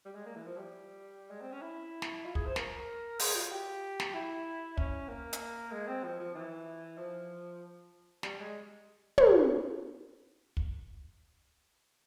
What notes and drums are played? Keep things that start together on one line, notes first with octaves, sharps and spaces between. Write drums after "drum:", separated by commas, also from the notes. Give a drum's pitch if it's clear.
G3
G#3
A#3
E3
F3
G3
G#3
C4
C#4
E4
drum: snare
F4
G#4, drum: kick
C5
A#4, drum: snare
G#4, drum: open hi-hat
F4
G4
drum: snare
E4
C#4, drum: kick
A#3
drum: hi-hat
G#3
C4
F3
F3
E3
F3
G3, drum: snare
G#3
drum: tom
drum: kick